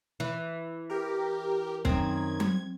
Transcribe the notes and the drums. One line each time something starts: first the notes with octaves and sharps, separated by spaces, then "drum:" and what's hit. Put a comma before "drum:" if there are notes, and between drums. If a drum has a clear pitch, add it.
E3
G4 A#4
F#2 D#3 C4 G#6, drum: kick
drum: tom F#3